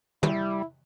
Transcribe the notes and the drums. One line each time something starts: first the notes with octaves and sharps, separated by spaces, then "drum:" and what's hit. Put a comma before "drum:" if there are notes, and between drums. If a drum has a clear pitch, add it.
G3 E4, drum: tom